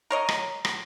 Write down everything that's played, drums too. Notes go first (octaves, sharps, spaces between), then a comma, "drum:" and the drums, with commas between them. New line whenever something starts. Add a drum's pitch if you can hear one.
A#4 C#5 D#5
drum: rim click
drum: rim click